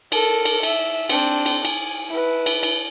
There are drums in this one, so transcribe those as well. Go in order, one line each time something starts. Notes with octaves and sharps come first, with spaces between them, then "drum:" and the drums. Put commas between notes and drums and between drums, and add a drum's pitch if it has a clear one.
A4 A#4, drum: cymbal
drum: cymbal
E5, drum: cymbal
C4 D4, drum: cymbal
drum: cymbal
G#5, drum: cymbal
E4 B4
drum: cymbal
drum: cymbal